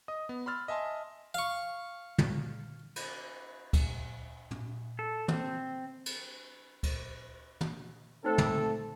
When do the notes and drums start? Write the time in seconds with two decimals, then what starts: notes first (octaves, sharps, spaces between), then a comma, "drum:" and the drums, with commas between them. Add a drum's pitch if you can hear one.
0.08 D#5 D#6
0.29 B3
0.46 B5 C6 E6 F6 A6
0.68 D#5 E5 G#5 A5 C6
1.34 F5 C#6
2.18 drum: tom
2.96 drum: cymbal
3.73 drum: kick D2, cymbal
4.51 drum: tom
4.99 A4
5.28 C4, drum: tom
6.06 drum: cymbal
6.83 drum: kick D2, cymbal
7.61 drum: tom
8.24 A3 C4 D#4 A4 C5
8.38 drum: tom